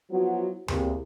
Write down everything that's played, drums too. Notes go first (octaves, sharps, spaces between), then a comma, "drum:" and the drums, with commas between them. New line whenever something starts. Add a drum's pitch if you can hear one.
F3 F#3 B3 E4 F#4
E2 C3 A#3 E4 G4, drum: tom D2